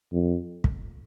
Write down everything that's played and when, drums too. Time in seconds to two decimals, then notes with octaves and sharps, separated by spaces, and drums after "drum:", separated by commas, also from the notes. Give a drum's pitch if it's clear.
0.13 F2
0.64 drum: kick